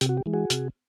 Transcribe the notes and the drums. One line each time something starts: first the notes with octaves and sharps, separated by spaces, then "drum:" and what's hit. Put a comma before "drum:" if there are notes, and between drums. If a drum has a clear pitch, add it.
C3 G4, drum: hi-hat
F#4
G4
E3 G#3
F#4 G#4
C3, drum: hi-hat